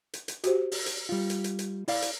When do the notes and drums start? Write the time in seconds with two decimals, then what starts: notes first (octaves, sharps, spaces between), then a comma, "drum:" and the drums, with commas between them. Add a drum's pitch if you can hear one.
0.13 drum: hi-hat
0.28 drum: hi-hat
0.44 F#4 G4 C5, drum: hi-hat
0.72 drum: open hi-hat
0.86 drum: hi-hat
1.09 G3 F4
1.30 drum: hi-hat
1.44 drum: hi-hat
1.59 drum: hi-hat
1.88 E4 D5 F5, drum: open hi-hat
2.02 drum: hi-hat